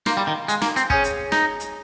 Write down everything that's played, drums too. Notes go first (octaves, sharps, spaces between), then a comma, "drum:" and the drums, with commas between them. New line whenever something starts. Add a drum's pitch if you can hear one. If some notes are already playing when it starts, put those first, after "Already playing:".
A#3 F5 C6 G6, drum: snare
G3
D#3
G#3, drum: hi-hat
A#3, drum: snare
C4, drum: hi-hat
C#4 G#4 C#5 G#5 D#6 G6, drum: kick
drum: hi-hat
D#4, drum: snare
drum: hi-hat